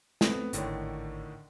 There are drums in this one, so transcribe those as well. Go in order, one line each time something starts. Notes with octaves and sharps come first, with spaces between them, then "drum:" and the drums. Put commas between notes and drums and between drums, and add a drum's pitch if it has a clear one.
A3 B3 C4, drum: snare
G#1 A2 D3 D#3 C#5, drum: hi-hat